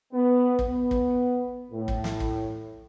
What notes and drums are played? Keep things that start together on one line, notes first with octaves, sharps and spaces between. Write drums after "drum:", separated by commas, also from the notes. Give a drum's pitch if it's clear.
B3
drum: kick
B3
drum: kick
A2
drum: kick
drum: snare
drum: kick